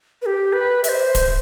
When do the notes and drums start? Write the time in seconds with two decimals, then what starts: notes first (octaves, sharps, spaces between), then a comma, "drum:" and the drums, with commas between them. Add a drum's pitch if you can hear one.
0.22 B4
0.26 G4
0.53 B4
0.84 E5, drum: hi-hat
0.89 C5
1.15 drum: kick D1, hi-hat